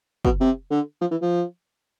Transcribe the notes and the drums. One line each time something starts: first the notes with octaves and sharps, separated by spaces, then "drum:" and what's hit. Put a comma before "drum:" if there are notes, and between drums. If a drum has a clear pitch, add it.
B2, drum: kick
C3
D3
F3
E3
F3